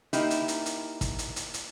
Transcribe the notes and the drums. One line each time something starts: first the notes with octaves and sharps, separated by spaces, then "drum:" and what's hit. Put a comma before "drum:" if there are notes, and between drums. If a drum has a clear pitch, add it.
A#3 D#4 E4 G4, drum: hi-hat
drum: hi-hat
drum: hi-hat
drum: hi-hat
drum: kick, hi-hat
drum: hi-hat
drum: hi-hat
drum: hi-hat